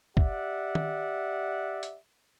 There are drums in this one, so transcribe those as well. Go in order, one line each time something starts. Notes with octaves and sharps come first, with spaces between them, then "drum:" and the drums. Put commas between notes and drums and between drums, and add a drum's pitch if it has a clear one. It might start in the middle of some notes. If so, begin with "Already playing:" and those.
G4 D5 E5 F#5, drum: kick
drum: tom
drum: hi-hat